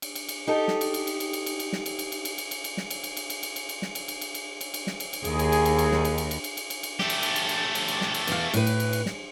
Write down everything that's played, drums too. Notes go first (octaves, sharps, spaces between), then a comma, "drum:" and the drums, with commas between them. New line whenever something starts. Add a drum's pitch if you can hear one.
drum: cymbal
drum: cymbal
drum: cymbal
D#4 G4 A4
drum: snare
drum: cymbal
drum: cymbal
drum: cymbal
drum: cymbal
drum: cymbal
drum: cymbal
drum: cymbal
drum: snare
drum: cymbal
drum: cymbal
drum: cymbal
drum: cymbal
drum: cymbal
drum: cymbal
drum: cymbal
drum: snare
drum: cymbal
drum: cymbal
drum: cymbal
drum: cymbal
drum: cymbal
drum: cymbal
drum: cymbal
drum: snare
drum: cymbal
drum: cymbal
drum: cymbal
drum: cymbal
drum: cymbal
drum: cymbal
drum: snare
drum: cymbal
drum: cymbal
D#2 G#4, drum: cymbal
drum: cymbal
drum: cymbal
drum: cymbal
drum: cymbal
drum: snare
drum: cymbal
drum: cymbal
drum: cymbal
drum: cymbal
drum: cymbal
drum: cymbal
drum: cymbal
A3 G4, drum: snare
drum: cymbal
drum: cymbal
drum: cymbal
drum: cymbal
drum: cymbal
drum: cymbal
drum: snare
drum: cymbal
E2 F5, drum: cymbal
A2 B4, drum: cymbal
drum: cymbal
drum: cymbal
drum: cymbal
drum: snare